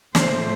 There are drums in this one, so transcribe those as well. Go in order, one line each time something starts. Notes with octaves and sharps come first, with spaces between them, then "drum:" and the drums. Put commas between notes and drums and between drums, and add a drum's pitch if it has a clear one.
A2 F3 A3 C5, drum: snare